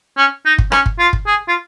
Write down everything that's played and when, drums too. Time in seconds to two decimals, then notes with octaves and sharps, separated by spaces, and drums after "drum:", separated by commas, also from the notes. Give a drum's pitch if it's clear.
0.17 C#4
0.45 D#4
0.58 drum: kick
0.72 C#4, drum: rim click
0.86 drum: kick
0.99 F4
1.13 drum: kick
1.27 G#4
1.48 F4